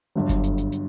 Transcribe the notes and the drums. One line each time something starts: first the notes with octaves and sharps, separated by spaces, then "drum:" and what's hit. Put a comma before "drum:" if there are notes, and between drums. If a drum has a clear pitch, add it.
G1 G2 D3 F#3
drum: kick F#1, hi-hat
drum: hi-hat
drum: hi-hat
drum: hi-hat